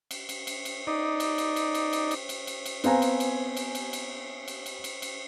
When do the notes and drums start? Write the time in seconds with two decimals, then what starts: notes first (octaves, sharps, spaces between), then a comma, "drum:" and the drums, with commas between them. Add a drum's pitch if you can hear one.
0.11 drum: cymbal
0.29 drum: cymbal
0.47 drum: cymbal
0.65 drum: cymbal
0.87 D#4 D5
1.20 drum: cymbal
1.38 drum: cymbal
1.56 drum: cymbal
1.74 drum: cymbal
1.93 drum: cymbal
2.11 drum: cymbal
2.29 drum: cymbal
2.47 drum: cymbal
2.66 drum: cymbal
2.84 B3 C4 F5 G#5 A#5, drum: cymbal
3.02 drum: cymbal
3.20 drum: cymbal
3.57 drum: cymbal
3.75 drum: cymbal
3.93 drum: cymbal
4.48 drum: cymbal
4.66 drum: cymbal
4.84 drum: cymbal
5.02 drum: cymbal